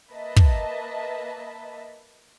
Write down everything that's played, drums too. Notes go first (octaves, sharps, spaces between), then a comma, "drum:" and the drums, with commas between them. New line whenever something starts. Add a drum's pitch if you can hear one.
A#3 B4 D#5 E5 A5
drum: kick